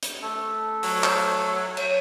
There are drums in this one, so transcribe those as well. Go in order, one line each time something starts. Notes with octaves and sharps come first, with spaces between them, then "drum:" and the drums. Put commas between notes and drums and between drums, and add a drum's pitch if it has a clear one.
drum: hi-hat
A3 A4
F#3, drum: open hi-hat
drum: clap
C#5, drum: cymbal